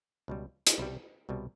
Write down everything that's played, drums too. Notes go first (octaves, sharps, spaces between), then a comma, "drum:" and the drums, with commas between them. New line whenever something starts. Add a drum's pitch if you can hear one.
C#2 B2 G3
drum: hi-hat
C2 B2 G3
C2 B2 G3